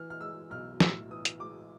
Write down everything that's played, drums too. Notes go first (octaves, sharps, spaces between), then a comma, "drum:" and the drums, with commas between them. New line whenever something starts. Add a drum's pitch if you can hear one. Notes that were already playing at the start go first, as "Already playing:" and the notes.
Already playing: E3 F6
F6
G#3 E6
B1 F6
A2 E6, drum: snare
E3 D#6
drum: hi-hat
G#3 D6